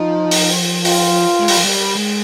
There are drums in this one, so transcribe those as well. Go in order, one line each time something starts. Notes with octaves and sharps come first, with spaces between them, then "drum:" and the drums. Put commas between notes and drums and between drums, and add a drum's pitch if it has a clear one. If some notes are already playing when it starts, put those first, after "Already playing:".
Already playing: F3 D#4
drum: open hi-hat
F4, drum: open hi-hat
G#3
G3, drum: open hi-hat
F3
G3
G#3